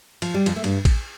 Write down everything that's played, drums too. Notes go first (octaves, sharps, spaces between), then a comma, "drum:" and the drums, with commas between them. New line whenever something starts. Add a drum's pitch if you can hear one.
F3, drum: cymbal
G3
F2 F3, drum: cymbal
A3
G2 G3, drum: cymbal
drum: kick A1, cymbal